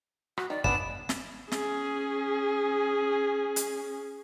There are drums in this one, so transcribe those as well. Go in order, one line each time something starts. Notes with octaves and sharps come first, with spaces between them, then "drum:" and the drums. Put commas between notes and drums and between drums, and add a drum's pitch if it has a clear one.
F#4, drum: rim click
D#3 D5
B3 C#4 D4 B5 E7, drum: kick
drum: snare
C#4 G#4, drum: snare
drum: hi-hat